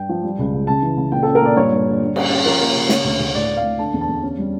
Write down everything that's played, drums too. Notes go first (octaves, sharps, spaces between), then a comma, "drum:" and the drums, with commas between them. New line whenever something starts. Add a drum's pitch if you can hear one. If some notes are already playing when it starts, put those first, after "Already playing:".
Already playing: G2 G5
F3
G3
C#2
C#3
C#3 A5
E3
C#3
A#2 G5
A4
C#4
A#4
A#2 D5
G2 C#5
G2
D3
G3
C#4, drum: cymbal
C#4
F3 A#4
A#3
C#3
C#3 C#5, drum: snare
D2
D2
A2 D5
A2
F5
A2
D3 A5
E2
A5
E2
C#4
G3